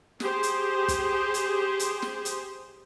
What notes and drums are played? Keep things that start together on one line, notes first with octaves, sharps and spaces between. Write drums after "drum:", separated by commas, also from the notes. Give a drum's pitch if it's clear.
G4 G#4 C5, drum: snare
drum: hi-hat
drum: kick, hi-hat
drum: hi-hat
drum: hi-hat
drum: snare
drum: hi-hat